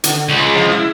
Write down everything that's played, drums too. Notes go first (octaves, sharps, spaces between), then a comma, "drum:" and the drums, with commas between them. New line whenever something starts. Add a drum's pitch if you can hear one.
D3, drum: hi-hat
C#2 G#3
F3
E4